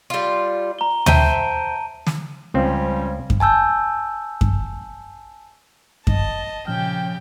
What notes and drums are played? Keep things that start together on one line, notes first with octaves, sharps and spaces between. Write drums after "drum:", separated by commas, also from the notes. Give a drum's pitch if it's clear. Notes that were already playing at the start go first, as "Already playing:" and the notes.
G3 F4
A#5 G7
C5 E5 G5 A5 D#7, drum: tom
drum: snare
C#2 F3 G3 C4 C#4
drum: kick F#2
G#5 A5 E6 G6
drum: kick F#2
D#5 A5, drum: kick F#2
A#2 C#3 F3 G4 G5 F6